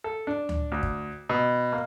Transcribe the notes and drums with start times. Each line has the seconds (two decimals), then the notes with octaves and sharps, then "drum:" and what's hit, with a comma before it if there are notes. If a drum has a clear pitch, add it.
0.04 A4
0.27 D4
0.49 drum: tom D2
0.72 D2
0.83 drum: kick
1.29 B2
1.73 A#3